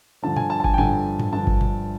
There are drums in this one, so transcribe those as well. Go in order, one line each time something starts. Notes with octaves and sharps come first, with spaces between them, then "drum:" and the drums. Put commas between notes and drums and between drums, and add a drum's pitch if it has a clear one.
G2 D3 F3 A5
G#5, drum: tom A#2
A5
A5
G#5, drum: kick G1
G5
G2 D3 F3 G#5, drum: tom G#2
drum: tom G#2
G2 D3 F3 A5
drum: kick G1
drum: tom A#2